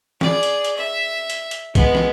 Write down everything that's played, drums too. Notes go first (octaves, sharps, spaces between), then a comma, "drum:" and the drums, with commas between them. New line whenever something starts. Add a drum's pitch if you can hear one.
G#4 D5, drum: snare
drum: hi-hat
drum: hi-hat
E5
drum: hi-hat
drum: hi-hat
G#3 B3, drum: kick B1, hi-hat
drum: snare